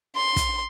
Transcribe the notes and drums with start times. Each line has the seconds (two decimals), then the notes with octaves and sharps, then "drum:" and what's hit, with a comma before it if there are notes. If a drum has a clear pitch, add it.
0.16 C6
0.36 drum: kick, hi-hat